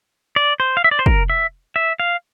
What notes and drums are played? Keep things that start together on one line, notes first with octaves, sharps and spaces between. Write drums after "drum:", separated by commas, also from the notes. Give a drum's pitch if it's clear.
D5
C5
F5
E5
D5
C5
A#4, drum: kick
E5
E5
F5